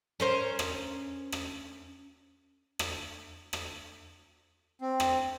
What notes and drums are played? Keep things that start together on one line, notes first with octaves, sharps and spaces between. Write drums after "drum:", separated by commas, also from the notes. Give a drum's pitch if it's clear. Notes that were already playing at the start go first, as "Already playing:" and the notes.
C#4 A#4 C5
drum: rim click
drum: rim click
drum: rim click
drum: rim click
C4
drum: rim click